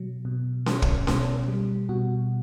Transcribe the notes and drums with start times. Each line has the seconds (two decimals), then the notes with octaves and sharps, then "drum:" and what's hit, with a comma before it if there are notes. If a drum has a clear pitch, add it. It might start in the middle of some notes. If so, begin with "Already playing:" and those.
Already playing: B2 F#3
0.25 B2
0.66 F#3, drum: snare C#4
0.82 drum: kick
1.07 B2, drum: snare C#4
1.48 G3
1.89 B2 F#4